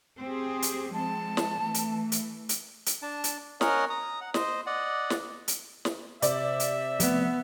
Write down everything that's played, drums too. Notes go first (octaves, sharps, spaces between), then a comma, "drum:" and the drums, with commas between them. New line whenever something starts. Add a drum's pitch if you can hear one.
C4 G4 G#4
drum: hi-hat
F3 G#3 C4 A5
drum: snare
E3 A3
drum: hi-hat
drum: hi-hat
drum: hi-hat
drum: hi-hat
D4 A5
drum: hi-hat
C#4 A#4 C#5 D#5 F#5 F6, drum: snare
A#5 D#6
F#5
C5 D#5, drum: snare
D5 D#5 F#5
drum: snare
drum: hi-hat
drum: snare
C3 D5 E5, drum: hi-hat
drum: hi-hat
F3 A3 B3 C4, drum: hi-hat